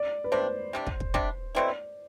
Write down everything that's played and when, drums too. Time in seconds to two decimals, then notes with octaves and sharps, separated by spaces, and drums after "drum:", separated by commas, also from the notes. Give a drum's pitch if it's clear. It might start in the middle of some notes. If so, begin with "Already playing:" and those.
Already playing: D5
0.24 B4
0.32 C3 G3 D4 C5
0.73 C3 G3 D4
0.87 drum: kick
1.00 drum: kick
1.14 C3 G3 D4, drum: kick
1.55 B2 A3 C4 E4 D5